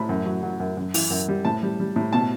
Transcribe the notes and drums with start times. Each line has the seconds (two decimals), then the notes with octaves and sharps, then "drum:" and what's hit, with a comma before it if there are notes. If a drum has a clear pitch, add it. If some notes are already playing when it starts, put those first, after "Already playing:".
Already playing: A2 B5
0.09 F#2
0.26 F#3
0.43 F#3
0.60 F#2
0.77 F#2
0.94 E3, drum: open hi-hat
1.10 F#2
1.28 G3
1.45 A2 A5
1.63 G3
1.80 G3
1.96 A2
2.13 B2 A5